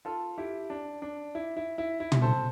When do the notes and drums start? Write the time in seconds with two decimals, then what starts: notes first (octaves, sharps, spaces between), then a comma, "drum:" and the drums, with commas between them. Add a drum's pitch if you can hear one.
0.05 F4 A4
0.38 E4 G4
0.70 D4
1.02 D4
1.35 E4
1.57 E4
1.78 E4
2.00 E4
2.12 drum: tom
2.22 A4 C5